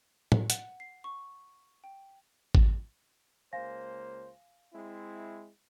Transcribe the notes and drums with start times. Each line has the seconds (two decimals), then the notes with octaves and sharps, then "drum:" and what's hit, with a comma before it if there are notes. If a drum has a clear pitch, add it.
0.32 drum: tom
0.50 F#5, drum: hi-hat
0.80 C7
1.04 C#6
1.84 G5
2.55 drum: kick G#1
3.53 C#2 A#3 C5 F5 G#5 A#6
4.73 G#3 C4 E4